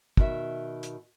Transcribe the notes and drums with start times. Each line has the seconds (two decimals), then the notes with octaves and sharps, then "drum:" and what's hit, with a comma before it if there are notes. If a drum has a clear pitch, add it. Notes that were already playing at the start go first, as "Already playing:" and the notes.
0.17 B2 D#3 E5, drum: kick
0.83 drum: hi-hat